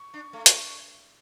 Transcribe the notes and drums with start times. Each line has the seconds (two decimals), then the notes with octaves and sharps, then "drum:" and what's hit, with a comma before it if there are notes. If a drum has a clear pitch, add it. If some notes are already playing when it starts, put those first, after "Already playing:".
Already playing: C#6
0.14 D4
0.33 A3
0.46 drum: hi-hat